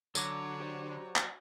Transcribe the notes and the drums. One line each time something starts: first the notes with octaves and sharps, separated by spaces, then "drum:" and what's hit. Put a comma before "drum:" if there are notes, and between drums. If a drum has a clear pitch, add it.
D3 F#3 A4 C#5 D6, drum: tambourine
G4 C5 D5
drum: clap